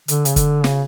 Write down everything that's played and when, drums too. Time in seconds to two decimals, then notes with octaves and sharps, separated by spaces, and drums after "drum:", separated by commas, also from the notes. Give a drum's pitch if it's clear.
0.08 D3, drum: hi-hat
0.25 C#3, drum: hi-hat
0.36 D3, drum: kick, hi-hat
0.64 C#3, drum: snare